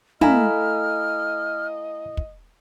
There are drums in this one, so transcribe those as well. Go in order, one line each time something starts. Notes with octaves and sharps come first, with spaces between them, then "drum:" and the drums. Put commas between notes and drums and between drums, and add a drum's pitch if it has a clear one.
A3 E4 D#5 F5 G#5 A#5 F6, drum: tom
drum: kick